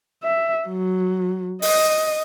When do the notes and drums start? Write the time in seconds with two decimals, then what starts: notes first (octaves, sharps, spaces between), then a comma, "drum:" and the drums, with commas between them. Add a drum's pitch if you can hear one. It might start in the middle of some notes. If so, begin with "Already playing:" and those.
0.24 E5
0.68 F#3
1.62 D#5, drum: open hi-hat